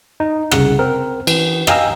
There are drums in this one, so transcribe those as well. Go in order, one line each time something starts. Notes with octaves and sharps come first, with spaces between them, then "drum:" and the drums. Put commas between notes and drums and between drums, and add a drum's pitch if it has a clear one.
D#4
C2 C#3 F#5, drum: rim click
C4 A#4
E3, drum: cymbal
D#5 F5 G5 G#5 A#5 E6, drum: rim click